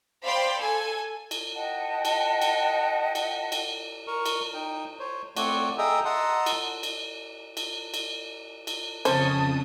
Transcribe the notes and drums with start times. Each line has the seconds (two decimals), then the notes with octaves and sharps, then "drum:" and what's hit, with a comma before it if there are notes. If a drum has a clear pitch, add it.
0.24 C5 D5 F5 G5 B5 C6
0.57 A4 G#5
1.31 drum: cymbal
1.54 D#5 F#5 G5 A5
2.05 drum: cymbal
2.41 drum: cymbal
3.15 drum: cymbal
3.52 drum: cymbal
4.07 A#4 C#6
4.26 drum: cymbal
4.54 D#4 G5
4.99 C5 C#5
5.37 A3 C4 C#5 D5 F#5 C#6, drum: cymbal
5.78 G#4 A4 D#5 E5 G5 A#5
6.05 D#5 F#5 A5 A#5 C6 E6
6.46 drum: cymbal
6.83 drum: cymbal
7.57 drum: cymbal
7.94 drum: cymbal
8.67 drum: cymbal
9.05 F2 C#3 C#4 C5 A5 D#6, drum: cymbal